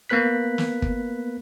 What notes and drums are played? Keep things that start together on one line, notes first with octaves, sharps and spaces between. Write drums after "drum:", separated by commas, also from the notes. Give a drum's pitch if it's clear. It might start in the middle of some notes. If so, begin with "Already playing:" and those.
A#3 B3 B4 F#6 B6
drum: snare
drum: kick